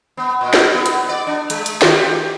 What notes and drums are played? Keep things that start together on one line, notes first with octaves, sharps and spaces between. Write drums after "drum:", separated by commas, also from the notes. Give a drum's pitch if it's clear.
B3
A#2
drum: snare
B3
drum: hi-hat
D5
D4
G#3, drum: hi-hat
drum: hi-hat
D#3, drum: snare
G4